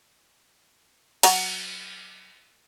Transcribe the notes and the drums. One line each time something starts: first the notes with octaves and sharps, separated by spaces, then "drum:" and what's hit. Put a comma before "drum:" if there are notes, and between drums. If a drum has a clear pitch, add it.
F#3 A#5, drum: cymbal